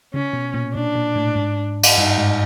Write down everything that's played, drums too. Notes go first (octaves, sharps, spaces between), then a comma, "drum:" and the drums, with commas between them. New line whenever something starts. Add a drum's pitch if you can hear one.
C#3 C#4
B2
A#2
A#2 D4
A#2
A2
G#2
drum: cymbal
G2 D#4
G#2